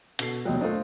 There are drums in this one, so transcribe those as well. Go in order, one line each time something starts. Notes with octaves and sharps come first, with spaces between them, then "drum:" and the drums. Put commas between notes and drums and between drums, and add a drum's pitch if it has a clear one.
B2 A4 C7, drum: hi-hat
D#2 B2 F#3 D#5 G5
A3 D4 F4 C5 D#5